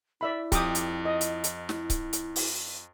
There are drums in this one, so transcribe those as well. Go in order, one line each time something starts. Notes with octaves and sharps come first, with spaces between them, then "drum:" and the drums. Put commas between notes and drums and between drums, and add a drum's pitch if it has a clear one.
E4 D5 E5 B5
F2 G4 D6 D#6, drum: kick C#1, hi-hat
drum: hi-hat
D#5
drum: hi-hat
drum: hi-hat
E4, drum: snare
drum: kick C#1, hi-hat
drum: hi-hat
drum: open hi-hat